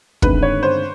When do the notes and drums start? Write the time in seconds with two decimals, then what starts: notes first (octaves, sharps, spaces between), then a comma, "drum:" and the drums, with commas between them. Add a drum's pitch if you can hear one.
0.22 G1 G2 D#3 G#3 C4 B4, drum: kick
0.42 C#5
0.63 C5